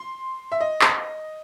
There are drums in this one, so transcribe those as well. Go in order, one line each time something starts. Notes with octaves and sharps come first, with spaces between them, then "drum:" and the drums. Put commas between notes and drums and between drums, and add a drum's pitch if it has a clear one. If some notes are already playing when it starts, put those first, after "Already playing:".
Already playing: C6
E5
D#5
drum: clap